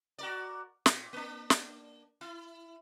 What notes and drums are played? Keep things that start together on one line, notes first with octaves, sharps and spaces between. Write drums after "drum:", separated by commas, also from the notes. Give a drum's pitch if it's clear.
F#4 A#4 D5
A#2, drum: snare
A#3 D4
drum: snare
E4